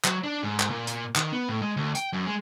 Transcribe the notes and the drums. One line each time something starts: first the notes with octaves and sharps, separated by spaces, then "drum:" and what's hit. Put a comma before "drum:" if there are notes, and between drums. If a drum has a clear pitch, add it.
F#3, drum: clap
D4
G#2
drum: clap
A#2
drum: hi-hat
D#3, drum: clap
B3
A2
G#3
D2
G5, drum: hi-hat
F#2
G#3